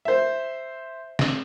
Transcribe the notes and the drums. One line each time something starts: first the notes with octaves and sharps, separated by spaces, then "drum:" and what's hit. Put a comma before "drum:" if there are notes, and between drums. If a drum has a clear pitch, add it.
C5 E5
drum: snare